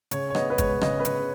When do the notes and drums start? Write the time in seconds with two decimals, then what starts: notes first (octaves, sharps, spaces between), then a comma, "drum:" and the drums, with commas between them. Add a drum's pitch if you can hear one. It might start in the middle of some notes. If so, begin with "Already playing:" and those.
0.11 C#3 C#5, drum: hi-hat
0.30 C#5
0.35 B3 D#5, drum: rim click
0.50 B4
0.58 G#3 C#5, drum: kick, hi-hat
0.81 C#3 D#5, drum: rim click
0.99 B4
1.05 C#3 C#5, drum: hi-hat